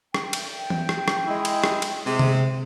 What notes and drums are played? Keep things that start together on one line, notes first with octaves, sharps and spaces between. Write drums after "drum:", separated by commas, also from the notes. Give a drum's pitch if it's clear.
G5, drum: rim click
drum: cymbal
drum: tom E3
drum: rim click
drum: rim click
G#3 E4
drum: cymbal
drum: rim click
drum: cymbal
C3 G#3
drum: tom C3